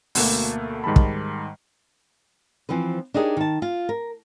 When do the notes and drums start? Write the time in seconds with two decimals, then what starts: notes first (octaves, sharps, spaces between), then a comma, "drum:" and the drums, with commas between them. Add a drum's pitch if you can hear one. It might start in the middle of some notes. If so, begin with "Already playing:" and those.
0.15 D2 B2 A3 A#3, drum: open hi-hat
0.84 G#2 D#3 G3 A5 B5
0.96 drum: kick
2.69 E3 F3 C4 B4
3.14 D4 D#4 G4 G#4 A#4 C#5
3.37 D#3 A5
3.62 F4
3.89 A#4